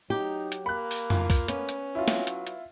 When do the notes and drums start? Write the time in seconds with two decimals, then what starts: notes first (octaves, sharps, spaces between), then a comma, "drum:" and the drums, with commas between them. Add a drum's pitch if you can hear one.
0.10 F#3 D#4 G4
0.52 drum: hi-hat
0.66 A#3 B5 F#6
0.91 drum: open hi-hat
1.10 F4, drum: tom F2
1.30 drum: kick, open hi-hat
1.48 B3 C#4, drum: hi-hat
1.69 drum: hi-hat
1.95 F#3 E4 F4
2.08 drum: snare
2.27 drum: hi-hat
2.47 drum: hi-hat